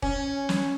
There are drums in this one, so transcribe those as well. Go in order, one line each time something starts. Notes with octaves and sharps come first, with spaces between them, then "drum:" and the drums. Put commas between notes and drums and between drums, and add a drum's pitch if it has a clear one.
C#4, drum: kick E1
drum: snare